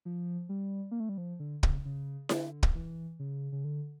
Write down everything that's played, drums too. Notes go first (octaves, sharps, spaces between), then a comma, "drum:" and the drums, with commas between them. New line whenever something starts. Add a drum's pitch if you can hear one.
F3
G3
A#3
A3
G3
F3
D3
C#3, drum: kick
C#3
D3, drum: snare E4
drum: kick
E3
C#3
C#3
D3